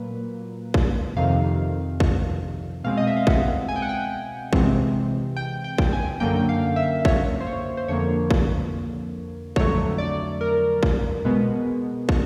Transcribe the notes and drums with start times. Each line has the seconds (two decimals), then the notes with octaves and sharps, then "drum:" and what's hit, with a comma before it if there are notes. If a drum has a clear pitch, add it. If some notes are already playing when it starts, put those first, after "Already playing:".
Already playing: A#2 F#3 A#3 B4
0.74 drum: kick
1.16 F2 C3 D#3 F5
2.00 drum: kick
2.84 B2 G#3 C4 F5
2.97 D#5
3.07 E5
3.17 F5
3.27 F#5, drum: kick
3.69 G#5
3.76 G5
3.82 F#5
3.89 G5
4.53 C3 E3 G#3 C4, drum: kick
5.36 G5
5.64 G5
5.78 drum: kick
5.93 G#5
6.20 F#2 D3 F#3 A#3 G5
6.49 F5
6.76 E5
7.05 C#5, drum: kick
7.41 C5
7.47 C#5
7.77 C5
7.88 F2 D3 F3 A#3 C#5
8.31 drum: kick
9.56 F2 D3 F#3 A3 C#5, drum: kick
9.98 D5
10.41 A#4
10.83 drum: kick
11.25 B2 G#3 B3
12.09 drum: kick